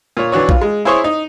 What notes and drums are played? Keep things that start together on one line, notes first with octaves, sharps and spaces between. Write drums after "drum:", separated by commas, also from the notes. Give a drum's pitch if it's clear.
A#2 C#5
E3 D4 F#4 C#5
F4, drum: kick A#1
G#3
E4 G#4 C5 C#5 C#6
D#4